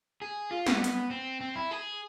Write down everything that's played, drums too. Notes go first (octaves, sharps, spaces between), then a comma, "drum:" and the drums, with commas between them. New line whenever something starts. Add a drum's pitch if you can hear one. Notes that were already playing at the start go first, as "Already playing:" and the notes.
G#4
F4
B3, drum: snare
drum: hi-hat
C4
C4
E4
G#4